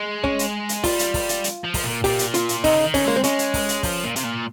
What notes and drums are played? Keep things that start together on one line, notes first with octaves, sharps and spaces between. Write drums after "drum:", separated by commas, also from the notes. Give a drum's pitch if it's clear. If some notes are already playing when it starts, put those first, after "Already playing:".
Already playing: G#3
C#4, drum: kick
drum: hi-hat
drum: hi-hat
G3 F4, drum: kick, open hi-hat
drum: hi-hat
drum: kick, open hi-hat
drum: hi-hat
drum: hi-hat
F3
drum: kick, open hi-hat
A#2
A#2 G4, drum: kick, open hi-hat
drum: hi-hat
F4, drum: hi-hat
drum: hi-hat
C3 D#4, drum: kick, open hi-hat
C#3
D#3
C#4, drum: kick, open hi-hat
G#3 A#3
C4
G#3 C#4, drum: hi-hat
drum: hi-hat
drum: kick, open hi-hat
drum: hi-hat
F3, drum: kick, open hi-hat
A#2
C3, drum: hi-hat
A#2